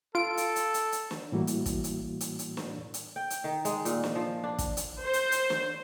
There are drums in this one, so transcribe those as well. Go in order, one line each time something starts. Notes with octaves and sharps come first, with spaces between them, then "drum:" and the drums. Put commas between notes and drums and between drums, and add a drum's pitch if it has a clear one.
F4 A4 D7
drum: hi-hat
drum: hi-hat
drum: hi-hat
drum: hi-hat
drum: snare
A2 E3 G3 A#3 E4 F#4
drum: hi-hat
drum: kick, hi-hat
drum: hi-hat
drum: hi-hat
drum: hi-hat
drum: snare
drum: hi-hat
G5
drum: hi-hat
D#3
G#3, drum: hi-hat
A#2, drum: hi-hat
drum: snare
F3
D4
drum: kick, hi-hat
drum: hi-hat
C5
drum: hi-hat
drum: hi-hat
drum: snare